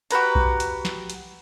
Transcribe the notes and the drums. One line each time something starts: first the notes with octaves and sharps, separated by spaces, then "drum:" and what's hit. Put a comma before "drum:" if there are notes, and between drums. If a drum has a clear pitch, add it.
F#4 G4 B4 A#5, drum: hi-hat
drum: kick B1
drum: hi-hat
drum: snare
drum: hi-hat